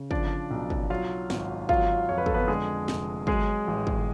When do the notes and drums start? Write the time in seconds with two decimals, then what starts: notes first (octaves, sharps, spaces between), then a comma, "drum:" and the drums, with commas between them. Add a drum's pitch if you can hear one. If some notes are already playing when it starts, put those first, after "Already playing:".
Already playing: C#3
0.11 F3 D4 D5, drum: kick
0.51 B1
0.70 drum: kick
0.90 F#3 F4 F5
1.30 G#1, drum: snare
1.69 F#3 F4 F5, drum: kick
2.09 F2 C#5
2.18 B4
2.26 A4, drum: kick
2.34 B3 B4
2.48 D3 G#3 G#4
2.88 F1, drum: snare
3.27 F#3 G#3 G#4, drum: kick
3.67 A1
3.87 drum: kick